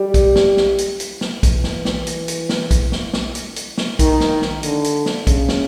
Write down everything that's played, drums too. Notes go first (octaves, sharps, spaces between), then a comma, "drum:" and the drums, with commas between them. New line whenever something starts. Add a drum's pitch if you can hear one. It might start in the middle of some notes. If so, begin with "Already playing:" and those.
Already playing: G3
drum: kick, hi-hat
drum: snare
drum: snare
drum: hi-hat
drum: hi-hat
drum: snare
E3, drum: kick, hi-hat
drum: snare
drum: snare
drum: hi-hat
drum: hi-hat
drum: snare
drum: kick, hi-hat
drum: snare
drum: snare
drum: hi-hat
drum: hi-hat
drum: snare
D#3, drum: kick, hi-hat
drum: snare
drum: snare
D3, drum: hi-hat
drum: hi-hat
drum: snare
C#3, drum: kick, hi-hat
drum: snare